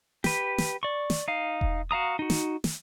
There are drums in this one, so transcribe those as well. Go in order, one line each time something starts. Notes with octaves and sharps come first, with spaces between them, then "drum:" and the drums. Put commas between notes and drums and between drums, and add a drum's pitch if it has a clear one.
G4 B4, drum: snare
drum: snare
D5 C#6
drum: snare
D#4 F5
drum: kick E1
F#4 F5 A#5 D#6
D#4 F#4
drum: snare
drum: snare